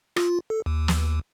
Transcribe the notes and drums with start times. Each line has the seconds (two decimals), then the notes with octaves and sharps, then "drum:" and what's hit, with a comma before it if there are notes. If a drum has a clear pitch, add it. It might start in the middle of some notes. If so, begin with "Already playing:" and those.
0.16 F4, drum: rim click
0.50 A4
0.66 D#2
0.88 drum: snare